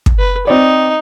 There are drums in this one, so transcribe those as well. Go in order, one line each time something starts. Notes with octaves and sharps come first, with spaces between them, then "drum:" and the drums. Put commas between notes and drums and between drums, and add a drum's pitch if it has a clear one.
drum: kick
B4
C4 D#4 C5 D5